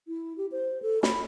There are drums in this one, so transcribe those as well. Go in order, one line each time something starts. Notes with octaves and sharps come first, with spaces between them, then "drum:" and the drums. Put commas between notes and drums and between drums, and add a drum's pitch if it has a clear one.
E4
G4
C5
A4
B5, drum: snare